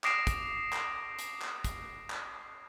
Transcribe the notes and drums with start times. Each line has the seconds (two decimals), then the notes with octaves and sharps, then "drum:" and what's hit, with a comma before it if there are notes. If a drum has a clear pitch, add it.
0.04 D6 D#6 A#6 C7 D7 E7, drum: clap
0.27 drum: kick, hi-hat
0.73 drum: clap
1.19 drum: hi-hat
1.42 drum: clap
1.64 drum: kick, hi-hat
2.10 drum: clap